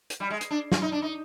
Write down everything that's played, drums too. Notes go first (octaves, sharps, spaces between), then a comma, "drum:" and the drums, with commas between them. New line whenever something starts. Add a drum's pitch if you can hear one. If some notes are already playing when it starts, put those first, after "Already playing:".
drum: hi-hat
G3
G#3
drum: hi-hat
D4
F4, drum: snare
D#4
D4
D#4